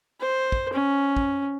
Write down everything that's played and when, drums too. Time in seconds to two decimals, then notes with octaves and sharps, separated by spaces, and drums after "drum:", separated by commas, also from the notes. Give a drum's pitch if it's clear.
0.20 C5
0.52 drum: kick
0.73 C#4
1.17 drum: kick